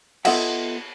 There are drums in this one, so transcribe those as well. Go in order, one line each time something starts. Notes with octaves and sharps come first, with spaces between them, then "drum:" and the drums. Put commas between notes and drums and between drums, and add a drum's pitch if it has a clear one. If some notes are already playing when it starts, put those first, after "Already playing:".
B3 F4 A4 D#5 E5 F#5, drum: cymbal